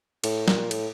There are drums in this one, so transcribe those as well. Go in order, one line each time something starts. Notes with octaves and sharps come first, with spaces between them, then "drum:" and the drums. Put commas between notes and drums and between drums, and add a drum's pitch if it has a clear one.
A2, drum: cymbal
A#2, drum: snare
A2, drum: cymbal